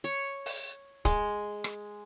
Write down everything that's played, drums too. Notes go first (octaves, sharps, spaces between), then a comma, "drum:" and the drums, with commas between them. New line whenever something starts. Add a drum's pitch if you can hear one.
C#5
drum: open hi-hat
G#3, drum: kick, hi-hat
drum: rim click